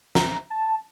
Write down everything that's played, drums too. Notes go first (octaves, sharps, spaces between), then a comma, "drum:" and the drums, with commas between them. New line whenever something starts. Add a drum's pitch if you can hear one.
A#5, drum: snare
A5